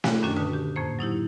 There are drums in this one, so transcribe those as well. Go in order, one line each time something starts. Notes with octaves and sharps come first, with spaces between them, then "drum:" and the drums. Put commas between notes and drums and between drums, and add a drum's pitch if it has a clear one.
G5 F#6, drum: snare
F#2 D#3 C#4 D4 F#4
A#2 D3 B4 A5 D#6
G4
F2 A2 A#3 C5
F#3 D#4 E4 G4